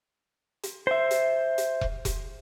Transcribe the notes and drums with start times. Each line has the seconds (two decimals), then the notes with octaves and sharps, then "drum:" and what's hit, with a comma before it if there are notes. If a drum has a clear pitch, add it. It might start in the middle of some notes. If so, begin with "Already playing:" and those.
0.63 drum: hi-hat
0.87 C5 E5
1.11 drum: hi-hat
1.58 drum: hi-hat
1.81 drum: kick E1
2.05 drum: kick E1, hi-hat